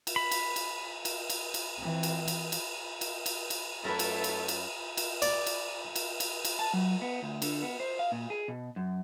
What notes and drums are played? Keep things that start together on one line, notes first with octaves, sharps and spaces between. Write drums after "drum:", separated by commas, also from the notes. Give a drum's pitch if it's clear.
drum: cymbal
B5
drum: cymbal
drum: cymbal
drum: cymbal
drum: cymbal
drum: cymbal
E3 C4
drum: cymbal
drum: cymbal
drum: cymbal
drum: cymbal
drum: cymbal
drum: cymbal
F#2 A3 E4 B4 E5 A5 A#5
drum: cymbal
drum: cymbal
drum: cymbal
drum: cymbal
D5, drum: cymbal
drum: cymbal
drum: cymbal
drum: cymbal
drum: cymbal
A5
F#3
B3
D2
D3, drum: cymbal
B3
C5
F5
A#2
G#4
B2
F#2